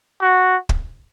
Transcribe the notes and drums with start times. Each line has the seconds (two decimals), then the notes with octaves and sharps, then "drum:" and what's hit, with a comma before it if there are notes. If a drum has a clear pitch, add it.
0.21 F#4
0.69 drum: kick